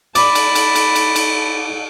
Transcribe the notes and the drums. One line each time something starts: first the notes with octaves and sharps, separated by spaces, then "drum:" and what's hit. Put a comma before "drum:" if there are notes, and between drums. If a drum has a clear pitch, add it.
D5 A5 B5, drum: cymbal
drum: cymbal
drum: cymbal
drum: cymbal
drum: cymbal
drum: cymbal